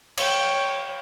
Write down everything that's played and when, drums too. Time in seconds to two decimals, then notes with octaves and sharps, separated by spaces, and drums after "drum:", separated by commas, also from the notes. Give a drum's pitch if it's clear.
0.17 C#5 G5, drum: cymbal